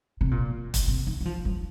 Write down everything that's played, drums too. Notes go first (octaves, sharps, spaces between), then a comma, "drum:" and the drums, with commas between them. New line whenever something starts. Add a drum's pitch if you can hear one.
C3
A#2
drum: kick, hi-hat
C3
D#3
F#3
F3
F#3